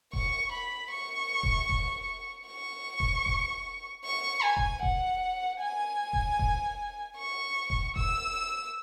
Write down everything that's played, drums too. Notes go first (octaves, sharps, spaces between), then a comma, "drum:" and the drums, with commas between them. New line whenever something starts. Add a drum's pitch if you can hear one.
C#6, drum: kick E1
B5
C#6
drum: kick E1
drum: kick E1
C#6
drum: kick E1
drum: kick E1
C#6
G#5
drum: kick E1
F#5, drum: kick E1
G#5
drum: kick E1
drum: kick E1
C#6
drum: kick E1
E6, drum: kick E1